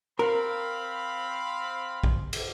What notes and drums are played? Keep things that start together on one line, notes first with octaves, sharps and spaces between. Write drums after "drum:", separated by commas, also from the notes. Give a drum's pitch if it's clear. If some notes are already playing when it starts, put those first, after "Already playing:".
C4 A#4 F5 B5
drum: kick A#1
drum: cymbal